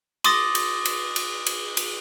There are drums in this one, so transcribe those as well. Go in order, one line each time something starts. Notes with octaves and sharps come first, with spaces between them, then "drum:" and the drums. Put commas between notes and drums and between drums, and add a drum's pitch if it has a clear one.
C6 D6 D#6 A6 A#6, drum: cymbal
drum: cymbal
drum: cymbal
drum: cymbal
drum: cymbal
drum: cymbal